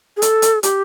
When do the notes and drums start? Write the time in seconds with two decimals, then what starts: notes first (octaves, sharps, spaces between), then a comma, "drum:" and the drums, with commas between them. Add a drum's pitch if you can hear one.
0.17 G#4
0.22 A4, drum: hi-hat
0.42 drum: hi-hat
0.63 G4, drum: hi-hat